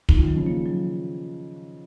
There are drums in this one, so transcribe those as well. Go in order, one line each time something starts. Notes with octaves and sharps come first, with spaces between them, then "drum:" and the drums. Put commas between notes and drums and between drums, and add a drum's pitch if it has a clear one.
F3 D#4, drum: kick
D#3
F#3
C#3 F3
A#3
F#3